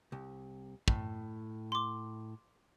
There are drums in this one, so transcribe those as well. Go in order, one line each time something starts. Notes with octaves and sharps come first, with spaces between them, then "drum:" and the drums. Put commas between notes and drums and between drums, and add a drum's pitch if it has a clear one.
C2
A2, drum: kick
C6 D6